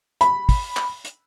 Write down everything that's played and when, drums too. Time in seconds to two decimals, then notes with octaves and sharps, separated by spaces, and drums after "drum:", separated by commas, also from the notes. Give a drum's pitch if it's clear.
0.21 B5, drum: hi-hat
0.49 drum: kick, open hi-hat
0.77 drum: clap
1.05 drum: hi-hat